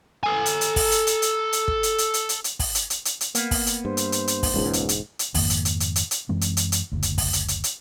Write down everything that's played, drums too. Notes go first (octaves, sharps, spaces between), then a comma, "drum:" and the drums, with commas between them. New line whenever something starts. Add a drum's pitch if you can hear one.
A4 G#5
drum: hi-hat
drum: hi-hat
drum: kick, open hi-hat
drum: hi-hat
drum: hi-hat
drum: hi-hat
drum: hi-hat
drum: kick
drum: hi-hat
drum: hi-hat
drum: hi-hat
drum: hi-hat
drum: hi-hat
drum: kick, open hi-hat
drum: hi-hat
drum: hi-hat
drum: hi-hat
drum: hi-hat
A#3 B3, drum: hi-hat
drum: kick, open hi-hat
drum: hi-hat
G2 C5
drum: hi-hat
drum: hi-hat
drum: hi-hat
drum: kick, open hi-hat
E1 C#2 G#2
drum: hi-hat
drum: hi-hat
drum: hi-hat
F2 G#2 D#3 A#3, drum: kick, open hi-hat
drum: hi-hat
drum: hi-hat
drum: hi-hat
drum: hi-hat
drum: hi-hat
F#2 E3 G#3 C4
drum: hi-hat
drum: hi-hat
drum: hi-hat
F#1 D2
drum: hi-hat
drum: kick, open hi-hat
drum: hi-hat
drum: hi-hat
drum: hi-hat